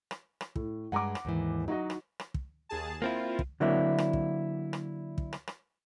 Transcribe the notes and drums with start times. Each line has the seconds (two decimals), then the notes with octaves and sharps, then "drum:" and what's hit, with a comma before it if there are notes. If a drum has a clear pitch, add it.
0.11 drum: rim click
0.41 drum: rim click
0.56 A2, drum: kick
0.92 G2 G#3 F#5 G#5 A#5 D6
1.15 drum: rim click
1.25 D#2 G#2 E3
1.68 F#3 D#4 F#4 D#5
1.90 drum: rim click
2.19 drum: rim click
2.34 drum: kick
2.69 D#2 G#4 A5
3.02 A#3 C4 E4 F4
3.39 drum: kick
3.60 D3 F#3 A#3 C4 D4 E4
3.98 drum: rim click
4.13 drum: kick
4.73 drum: rim click
5.18 drum: kick
5.33 drum: rim click
5.47 drum: rim click